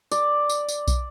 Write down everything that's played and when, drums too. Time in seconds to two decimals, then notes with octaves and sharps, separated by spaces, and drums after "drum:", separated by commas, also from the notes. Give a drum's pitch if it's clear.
0.11 D5, drum: tambourine
0.50 drum: tambourine
0.69 drum: tambourine
0.88 drum: kick, tambourine